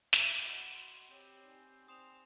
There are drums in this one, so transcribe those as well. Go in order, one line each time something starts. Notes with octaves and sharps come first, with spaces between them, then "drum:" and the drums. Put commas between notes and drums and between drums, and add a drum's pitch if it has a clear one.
drum: snare
F#4 D#5 B5
C6
C4 G4 C#5
D#4 D5 G#5
C4 C6 D#6 E7 F7